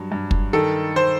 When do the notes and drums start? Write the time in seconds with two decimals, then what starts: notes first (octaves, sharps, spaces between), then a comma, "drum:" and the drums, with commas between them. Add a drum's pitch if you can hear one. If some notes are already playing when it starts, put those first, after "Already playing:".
Already playing: G2 F#3
0.12 G2
0.31 drum: kick
0.53 D#3 A4
0.96 C5